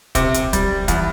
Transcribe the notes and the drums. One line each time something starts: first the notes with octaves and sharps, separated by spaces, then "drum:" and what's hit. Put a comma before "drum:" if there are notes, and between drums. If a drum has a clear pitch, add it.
C3, drum: kick, hi-hat
drum: hi-hat
G3, drum: kick, hi-hat
E2, drum: kick, hi-hat